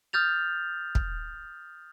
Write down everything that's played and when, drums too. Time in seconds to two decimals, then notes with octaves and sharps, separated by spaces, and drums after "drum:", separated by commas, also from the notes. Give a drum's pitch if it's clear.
0.13 D#6 F6 G6 A6 F7
0.95 drum: kick